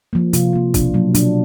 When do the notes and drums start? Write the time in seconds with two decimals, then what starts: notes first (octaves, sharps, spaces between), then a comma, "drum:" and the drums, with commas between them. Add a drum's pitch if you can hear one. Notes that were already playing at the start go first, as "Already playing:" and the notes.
0.13 F3 A#3
0.33 C3 F4, drum: hi-hat
0.53 F3 A#3
0.74 B2 D4, drum: kick, hi-hat
0.94 F#3 A#3
1.14 B2 D4, drum: hi-hat